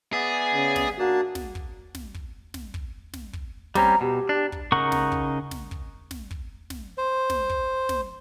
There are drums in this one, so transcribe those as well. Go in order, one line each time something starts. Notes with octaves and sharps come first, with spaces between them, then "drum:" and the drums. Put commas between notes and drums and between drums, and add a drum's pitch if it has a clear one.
B3 G#4 D5 E5
C#3
drum: snare
A#3 D4 F#4 A5
drum: snare
drum: kick
drum: snare
drum: kick
drum: snare
drum: kick
drum: snare
drum: kick
G3 C4 C#4 A#5, drum: snare
B2 G4
D4
drum: kick
C#3 D#4 A#4 F#5 C#6
drum: snare
drum: kick
drum: snare
drum: kick
drum: snare
drum: kick
drum: snare
C5
drum: snare
drum: kick
drum: snare